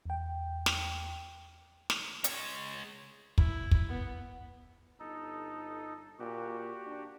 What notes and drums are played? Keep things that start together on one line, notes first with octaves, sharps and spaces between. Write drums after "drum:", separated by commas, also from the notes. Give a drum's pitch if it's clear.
E2 G5
drum: snare
drum: snare
G#3 C#5, drum: hi-hat
E4, drum: kick
drum: kick
B3
G1 D#4 A4
A#2 F#4 G4
D4